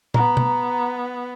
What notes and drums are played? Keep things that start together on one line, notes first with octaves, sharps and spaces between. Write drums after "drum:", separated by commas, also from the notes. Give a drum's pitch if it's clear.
B3 A#5, drum: tom
drum: tom B2